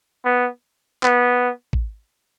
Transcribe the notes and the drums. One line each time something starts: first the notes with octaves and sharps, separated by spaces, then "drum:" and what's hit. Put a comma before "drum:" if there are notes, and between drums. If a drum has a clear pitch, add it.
B3
B3, drum: clap
drum: kick